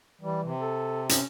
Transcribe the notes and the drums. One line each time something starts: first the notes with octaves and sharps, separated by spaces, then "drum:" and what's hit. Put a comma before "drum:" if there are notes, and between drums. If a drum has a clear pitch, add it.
E3 G3
C3
A4
C#4, drum: hi-hat